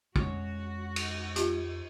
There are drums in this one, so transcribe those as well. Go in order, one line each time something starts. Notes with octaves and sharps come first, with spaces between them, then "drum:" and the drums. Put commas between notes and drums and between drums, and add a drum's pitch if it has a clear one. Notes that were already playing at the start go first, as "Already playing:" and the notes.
F2 G#3 C#4 F#4 C#5, drum: kick
drum: cymbal
F4 G4, drum: hi-hat